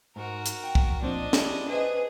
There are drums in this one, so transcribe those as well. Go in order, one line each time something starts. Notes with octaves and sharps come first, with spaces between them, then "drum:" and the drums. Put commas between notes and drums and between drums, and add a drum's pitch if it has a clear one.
G#2 F#4 A#4
drum: hi-hat
G5
drum: kick
A#2 F3 C4 D4 D#5
C#4 E4 G4 G#4, drum: snare
G#4 B4 C5 D#5